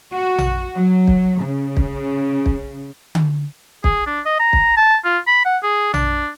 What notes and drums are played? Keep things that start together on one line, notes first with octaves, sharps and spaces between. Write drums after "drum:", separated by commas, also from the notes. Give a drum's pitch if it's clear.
F#4
drum: tom A#1
F#3
drum: kick
C#3
drum: kick
drum: kick
drum: tom D3
G#4, drum: kick
D4
D#5
A#5
drum: kick
A5
F4
B5
F#5
G#4
D4, drum: tom A#1